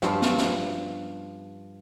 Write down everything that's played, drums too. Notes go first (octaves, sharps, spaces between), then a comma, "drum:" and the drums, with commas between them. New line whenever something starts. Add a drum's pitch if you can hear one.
G2 F3, drum: snare
drum: snare
drum: snare